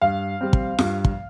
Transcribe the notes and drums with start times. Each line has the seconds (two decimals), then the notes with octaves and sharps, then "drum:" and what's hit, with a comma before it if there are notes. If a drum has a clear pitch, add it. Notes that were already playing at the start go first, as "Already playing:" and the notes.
0.02 G2 F5
0.41 G3 C4
0.53 drum: kick
0.79 G2, drum: snare F4
1.05 drum: kick